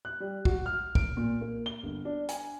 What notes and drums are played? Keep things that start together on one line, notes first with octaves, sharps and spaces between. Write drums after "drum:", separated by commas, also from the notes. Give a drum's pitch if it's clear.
F#6
G3
F#4, drum: kick
F6
D7, drum: kick
A#2
A#3
G7
G1
D4
G#5, drum: hi-hat